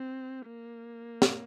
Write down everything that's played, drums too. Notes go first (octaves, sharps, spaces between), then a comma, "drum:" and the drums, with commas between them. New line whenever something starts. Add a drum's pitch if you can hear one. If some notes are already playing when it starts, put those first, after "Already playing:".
Already playing: C4
A#3
drum: snare